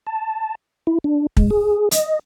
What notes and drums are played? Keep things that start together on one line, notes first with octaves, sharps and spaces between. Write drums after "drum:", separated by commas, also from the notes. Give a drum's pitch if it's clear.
A5
E4
D4
G#3, drum: kick
G#4
D#5, drum: hi-hat